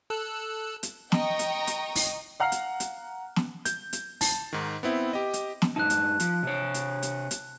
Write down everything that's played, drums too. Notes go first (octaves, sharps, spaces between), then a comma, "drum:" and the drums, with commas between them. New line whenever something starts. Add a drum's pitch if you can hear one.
A4 E6 F#6
drum: hi-hat
D#5 G5 A#5 C#6 D#6, drum: snare
drum: hi-hat
drum: hi-hat
drum: open hi-hat
F5 F#5 A#5 F6 C7
drum: hi-hat
drum: hi-hat
drum: snare
G6, drum: hi-hat
drum: hi-hat
A5, drum: open hi-hat
G#2 D#3
B3 C4 E4
G4 D#5
drum: hi-hat
drum: snare
G2 C#3 D#4 A5 F#6
drum: hi-hat
F3, drum: hi-hat
C3 C#5
drum: hi-hat
drum: hi-hat
drum: hi-hat